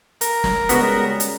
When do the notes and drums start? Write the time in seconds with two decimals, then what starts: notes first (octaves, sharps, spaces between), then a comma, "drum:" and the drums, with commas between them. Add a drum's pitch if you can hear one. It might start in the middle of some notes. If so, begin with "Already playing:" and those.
0.21 A#4, drum: hi-hat
0.44 drum: snare
0.69 C#3 G3 G#3 B3 F#4, drum: hi-hat
1.20 drum: hi-hat